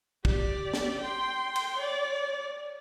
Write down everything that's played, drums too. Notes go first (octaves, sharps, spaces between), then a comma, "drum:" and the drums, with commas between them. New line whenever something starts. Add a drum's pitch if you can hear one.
G4 D5, drum: kick
drum: snare
G5 C6
drum: cymbal
C#5 D5